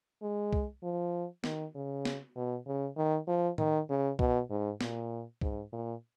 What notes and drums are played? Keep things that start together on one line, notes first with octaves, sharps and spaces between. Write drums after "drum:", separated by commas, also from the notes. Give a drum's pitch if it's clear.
G#3
drum: kick C2
F3
D#3, drum: snare
C#3
drum: snare
B2
C#3
D#3
F3
D#3, drum: tom A2
C#3
B2, drum: kick C2
G#2
A#2, drum: snare
G#2, drum: kick C2
A#2